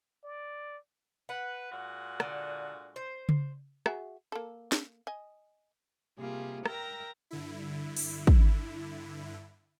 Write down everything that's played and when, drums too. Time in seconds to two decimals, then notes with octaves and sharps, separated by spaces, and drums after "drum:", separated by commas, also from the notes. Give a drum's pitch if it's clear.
0.24 D5
1.29 B4 F#5
1.71 A#2 G#3 F#4
2.20 D3, drum: rim click
2.96 C5
3.29 drum: tom C#3
3.86 F#4 G#4 E5, drum: rim click
4.32 A#3 A4
4.72 drum: snare
5.07 D#5 G#5
6.18 C3 G3 A#3 F4 G#4
6.66 A#4 E5 G5 A#5 A#6, drum: rim click
7.31 G2 D3 E4
7.97 drum: open hi-hat
8.27 drum: kick